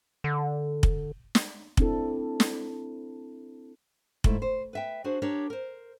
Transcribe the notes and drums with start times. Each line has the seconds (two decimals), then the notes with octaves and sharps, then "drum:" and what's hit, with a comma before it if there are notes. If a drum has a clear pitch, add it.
0.24 D3
0.83 drum: kick
1.35 drum: snare
1.77 C4 D4 E4 A4, drum: kick
2.40 drum: snare
4.24 G#2 A3 E4 C5, drum: kick
4.42 C5
4.73 B4 E5 G5
5.04 D4 F#4 G#4 C5
5.22 D4 G4 A#4 C#5
5.50 A#4 C5